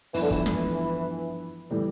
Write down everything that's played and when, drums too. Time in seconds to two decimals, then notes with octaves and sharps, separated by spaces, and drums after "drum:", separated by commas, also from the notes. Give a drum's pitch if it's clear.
0.14 G2 E3 F3 B3 E4, drum: open hi-hat
0.23 D3
0.31 E3, drum: kick
0.46 drum: snare
1.71 A2 E3 G3